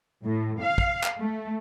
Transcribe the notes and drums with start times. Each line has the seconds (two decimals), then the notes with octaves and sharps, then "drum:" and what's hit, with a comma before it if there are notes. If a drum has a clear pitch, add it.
0.24 A2
0.60 F5
0.78 drum: kick
1.04 drum: clap
1.18 A3